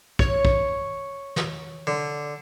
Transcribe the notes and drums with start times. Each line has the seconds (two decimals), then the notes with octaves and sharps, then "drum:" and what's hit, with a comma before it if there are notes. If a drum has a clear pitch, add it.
0.19 C#5, drum: kick
0.45 drum: kick
1.36 drum: snare
1.87 D3